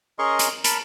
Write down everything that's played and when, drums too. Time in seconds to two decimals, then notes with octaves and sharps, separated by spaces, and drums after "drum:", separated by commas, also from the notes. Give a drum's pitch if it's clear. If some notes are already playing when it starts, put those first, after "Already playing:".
0.19 C#4 G#4 A#4 D#5 C6 C#6
0.39 drum: hi-hat
0.64 A#4 A5 B5, drum: hi-hat